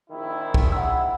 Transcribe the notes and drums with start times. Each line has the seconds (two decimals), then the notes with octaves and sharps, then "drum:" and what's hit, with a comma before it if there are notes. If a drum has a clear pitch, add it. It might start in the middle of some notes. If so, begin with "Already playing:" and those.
0.10 A#1 D#3 E4
0.54 drum: kick
0.72 F#5 E6